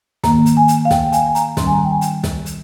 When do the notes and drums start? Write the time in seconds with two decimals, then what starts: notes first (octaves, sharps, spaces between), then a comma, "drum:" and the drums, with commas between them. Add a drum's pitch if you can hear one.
0.24 G#2 D#3 A#3 A#5, drum: snare
0.46 drum: hi-hat
0.57 G#5
0.68 drum: hi-hat
0.85 F5
0.91 G5, drum: snare
1.12 G#5, drum: hi-hat
1.26 G#5
1.35 A#5, drum: hi-hat
1.57 G#2 D#3 G3 C#4 C6, drum: snare
1.67 G#5
1.73 A#5
1.84 G5
1.91 G#5
2.01 drum: hi-hat
2.24 drum: snare
2.46 drum: hi-hat